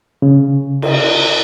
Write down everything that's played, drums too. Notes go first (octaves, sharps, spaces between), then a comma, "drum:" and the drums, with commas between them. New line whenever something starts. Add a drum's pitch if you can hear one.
C#3
drum: cymbal